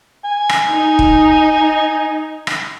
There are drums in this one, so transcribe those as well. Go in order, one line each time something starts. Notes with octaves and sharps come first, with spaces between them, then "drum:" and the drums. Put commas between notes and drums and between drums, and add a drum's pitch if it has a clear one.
G#5
drum: rim click
D#4
drum: kick
drum: rim click